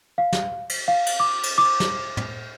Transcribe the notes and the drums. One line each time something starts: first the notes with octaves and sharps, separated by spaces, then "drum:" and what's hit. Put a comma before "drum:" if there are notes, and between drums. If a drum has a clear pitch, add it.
F5
drum: snare
drum: cymbal
F5
drum: cymbal
D6
drum: cymbal
D6
drum: snare
drum: tom